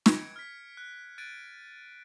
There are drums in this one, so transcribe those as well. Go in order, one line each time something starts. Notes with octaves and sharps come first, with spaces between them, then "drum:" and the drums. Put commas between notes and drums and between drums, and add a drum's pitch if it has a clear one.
G#6 C#7 D7, drum: snare
F6 B6
F#6
F#6 G#6 A6 D7 D#7